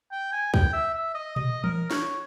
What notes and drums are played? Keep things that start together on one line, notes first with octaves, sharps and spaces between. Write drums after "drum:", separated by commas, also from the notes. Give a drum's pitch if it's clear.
G5
G#5
G5, drum: kick
E5
E5
D#5
D#5, drum: tom A#2
A#4, drum: tom E3
C#5, drum: snare